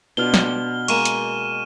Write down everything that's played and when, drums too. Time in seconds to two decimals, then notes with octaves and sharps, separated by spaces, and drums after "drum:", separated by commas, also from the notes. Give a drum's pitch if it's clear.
0.17 B2 D4 F4 F6 G7
0.34 drum: snare
0.88 G#3 A#3 C#6 D#7 E7, drum: cymbal
1.05 drum: hi-hat